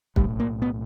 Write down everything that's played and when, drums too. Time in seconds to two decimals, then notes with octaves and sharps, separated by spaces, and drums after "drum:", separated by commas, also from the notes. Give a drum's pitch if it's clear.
0.16 B1 A2 G3, drum: kick
0.40 A#3
0.62 B3